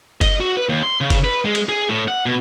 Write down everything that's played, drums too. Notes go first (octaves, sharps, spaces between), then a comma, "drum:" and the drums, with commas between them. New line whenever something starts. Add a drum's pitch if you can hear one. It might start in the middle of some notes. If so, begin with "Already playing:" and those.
D#5, drum: kick F#1, cymbal
F#4
B4
D#2
C6
C#3
drum: kick F#1, cymbal
B4
G#3
drum: cymbal
G#4
A2
F#5
B2